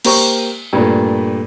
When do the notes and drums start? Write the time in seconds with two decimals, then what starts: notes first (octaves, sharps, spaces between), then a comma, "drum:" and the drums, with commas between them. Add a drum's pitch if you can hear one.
0.05 A#3 G4 C5 A#5 C#6, drum: cymbal
0.73 G2 A#2 A3